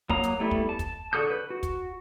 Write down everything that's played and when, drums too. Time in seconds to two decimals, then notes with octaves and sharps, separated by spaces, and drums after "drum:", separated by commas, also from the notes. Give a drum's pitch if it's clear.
0.09 F#3 A#3 A#5 D#6, drum: kick
0.23 drum: hi-hat
0.40 G3 A3 B3 E4
0.51 drum: kick
0.69 A5
0.79 drum: kick, hi-hat
1.13 D3 F#4 A4 D#6 G6
1.30 B4
1.50 F#4
1.63 drum: kick, hi-hat